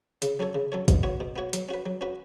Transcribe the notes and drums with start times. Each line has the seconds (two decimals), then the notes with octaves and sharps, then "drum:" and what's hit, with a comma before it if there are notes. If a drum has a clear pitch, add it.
0.22 C#3, drum: hi-hat
0.39 F#3 C#4 A4 C#5
0.55 C#3
0.72 F#3 C#4 A4 C#5
0.88 B2, drum: kick, hi-hat
1.03 B3 F#4 C#5
1.20 B2
1.36 B3 F#4 C#5
1.53 F#3, drum: hi-hat
1.69 C#4 F#4 B4
1.86 F#3
2.01 C#4 F#4 B4